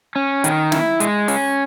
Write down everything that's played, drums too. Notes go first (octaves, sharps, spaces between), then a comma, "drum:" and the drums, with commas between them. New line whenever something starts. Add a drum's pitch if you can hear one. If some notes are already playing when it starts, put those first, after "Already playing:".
C#4
D#3, drum: hi-hat
E4, drum: snare
G#3, drum: hi-hat
C#4, drum: open hi-hat